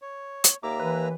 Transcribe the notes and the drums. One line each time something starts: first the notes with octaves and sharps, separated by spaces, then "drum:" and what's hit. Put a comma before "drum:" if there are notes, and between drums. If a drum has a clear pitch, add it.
C#5
drum: hi-hat
D#2 A#3 E5 A#5 D6
E3 B4